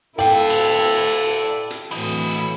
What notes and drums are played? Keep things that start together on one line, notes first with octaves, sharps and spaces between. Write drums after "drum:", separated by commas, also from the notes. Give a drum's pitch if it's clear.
E4 A4 D5 F5 G5
drum: cymbal
drum: hi-hat
A2 E3 E4 F#4 D#5